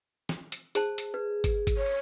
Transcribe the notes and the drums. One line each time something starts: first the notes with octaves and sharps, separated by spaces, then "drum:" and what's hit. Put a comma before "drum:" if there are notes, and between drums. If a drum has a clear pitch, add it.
drum: snare
drum: hi-hat
G#4 C5 A5, drum: hi-hat
drum: hi-hat
G#4 B4
drum: kick, hi-hat
drum: kick, hi-hat
C#5